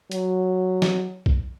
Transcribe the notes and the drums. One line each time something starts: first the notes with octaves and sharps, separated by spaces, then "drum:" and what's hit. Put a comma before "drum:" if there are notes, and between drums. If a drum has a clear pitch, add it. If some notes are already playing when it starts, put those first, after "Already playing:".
F#3, drum: hi-hat
drum: snare
drum: kick